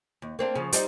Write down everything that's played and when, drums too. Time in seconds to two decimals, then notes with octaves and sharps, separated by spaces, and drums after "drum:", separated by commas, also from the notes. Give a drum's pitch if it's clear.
0.22 D#2
0.39 A#3 C4 D4
0.55 C#3 F3
0.73 G3 C4 D#4, drum: hi-hat